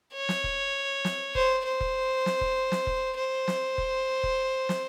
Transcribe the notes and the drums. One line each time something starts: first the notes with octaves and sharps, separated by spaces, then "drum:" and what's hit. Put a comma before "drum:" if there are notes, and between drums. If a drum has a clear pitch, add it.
C#5
drum: snare
drum: kick
drum: snare
C5, drum: kick
C5
drum: kick
drum: snare
drum: kick
drum: snare
drum: kick
C5
drum: snare
drum: kick
drum: kick
drum: snare